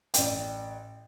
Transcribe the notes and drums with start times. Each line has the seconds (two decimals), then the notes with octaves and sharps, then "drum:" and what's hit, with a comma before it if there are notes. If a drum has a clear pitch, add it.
0.14 A1 D5 G5, drum: hi-hat